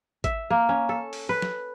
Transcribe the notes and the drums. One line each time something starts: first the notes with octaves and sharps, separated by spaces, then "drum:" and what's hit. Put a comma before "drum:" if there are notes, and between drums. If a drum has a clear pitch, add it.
E5, drum: kick G#1, hi-hat
A#3
C#4
A4
drum: open hi-hat
B4
drum: snare